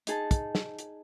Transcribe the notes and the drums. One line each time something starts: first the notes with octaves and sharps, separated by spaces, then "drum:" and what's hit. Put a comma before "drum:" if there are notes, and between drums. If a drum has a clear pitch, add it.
D#4 G#4 A5, drum: hi-hat
drum: kick, hi-hat
drum: snare
drum: hi-hat